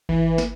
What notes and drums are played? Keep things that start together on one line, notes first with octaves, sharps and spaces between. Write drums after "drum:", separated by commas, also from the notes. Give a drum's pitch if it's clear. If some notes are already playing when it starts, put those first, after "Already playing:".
E3, drum: kick G#1
drum: snare